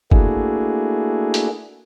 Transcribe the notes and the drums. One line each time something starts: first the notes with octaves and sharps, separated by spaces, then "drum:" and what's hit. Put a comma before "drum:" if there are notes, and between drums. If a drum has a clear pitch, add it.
A3 A#3 D4 E4 F#4 G#4, drum: kick F#1
drum: hi-hat